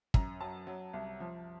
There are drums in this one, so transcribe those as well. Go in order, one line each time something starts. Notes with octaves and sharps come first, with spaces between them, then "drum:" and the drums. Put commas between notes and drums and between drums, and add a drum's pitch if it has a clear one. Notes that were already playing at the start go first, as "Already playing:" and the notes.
F#2 A#5, drum: kick
F#3 A5
F#3
C2
F3